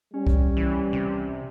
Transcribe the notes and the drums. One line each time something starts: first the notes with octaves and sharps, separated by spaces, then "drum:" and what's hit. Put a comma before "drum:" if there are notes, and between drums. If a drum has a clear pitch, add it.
G3 C#4
drum: kick C2
E3
C3